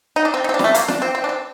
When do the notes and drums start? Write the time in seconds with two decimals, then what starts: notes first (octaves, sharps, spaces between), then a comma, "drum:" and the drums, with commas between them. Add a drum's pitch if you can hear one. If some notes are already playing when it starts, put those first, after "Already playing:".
0.16 D#4
0.25 D4
0.34 C4
0.44 D#4
0.49 C4
0.54 D4
0.59 G3, drum: snare
0.64 A3
0.74 A#3, drum: hi-hat
0.88 D4, drum: snare
1.02 C4
1.15 C4
1.24 D4
1.29 C4